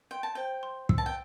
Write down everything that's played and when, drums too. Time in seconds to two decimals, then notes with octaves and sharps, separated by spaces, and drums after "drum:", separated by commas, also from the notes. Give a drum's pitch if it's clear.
0.11 G5 C6
0.23 A5
0.35 C5 G5
0.63 C6
0.89 E6, drum: kick
0.98 A5
1.06 G5